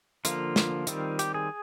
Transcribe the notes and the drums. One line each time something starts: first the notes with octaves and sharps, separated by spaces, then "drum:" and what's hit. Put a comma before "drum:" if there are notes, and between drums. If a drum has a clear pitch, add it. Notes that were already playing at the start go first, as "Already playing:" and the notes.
D3 F3 A#3 F4, drum: hi-hat
drum: snare
D#3 G3 C4, drum: hi-hat
G4, drum: hi-hat
G#4